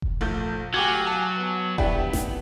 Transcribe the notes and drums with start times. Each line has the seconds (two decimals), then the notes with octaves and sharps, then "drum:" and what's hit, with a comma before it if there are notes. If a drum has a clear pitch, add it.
0.02 drum: kick F1
0.21 A#1 A3 G6
0.74 F#3 G4 F5 G#5 D6 G#6
1.07 A5
1.36 B3
1.78 D4 E4 G4, drum: kick F1
2.13 drum: snare A1